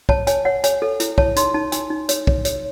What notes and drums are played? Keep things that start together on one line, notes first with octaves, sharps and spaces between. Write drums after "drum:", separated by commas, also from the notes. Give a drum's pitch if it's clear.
C#5 A5, drum: kick
C#5 G#5, drum: hi-hat
C#5 F#5
C#5 G#5, drum: hi-hat
A4
E4, drum: hi-hat
C#5 A5, drum: kick
D#4 C6, drum: hi-hat
D#4 A5
D#4 G#5, drum: hi-hat
D#4
C#5, drum: hi-hat
C#5, drum: kick
C#5, drum: hi-hat